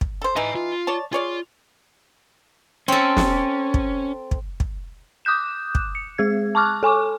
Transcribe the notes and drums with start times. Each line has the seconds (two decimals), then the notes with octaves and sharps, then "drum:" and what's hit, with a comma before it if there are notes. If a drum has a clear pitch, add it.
0.01 drum: kick
0.22 A4 C5
0.36 E3 D#4 D#5 A5
0.56 F4
0.87 C#5 D5 A5
1.13 F4 G#4 C#5 D5
2.88 C4 C#4 A4
3.17 drum: snare
3.74 drum: kick
4.31 drum: kick
4.60 drum: kick
5.25 D6 D#6 F#6 G6 E7
5.75 drum: kick
5.95 C#7
6.18 G#3 G#4 G#6
6.55 A5 C#6 D6 F6 F#6
6.83 A4 G#5 C#6 D6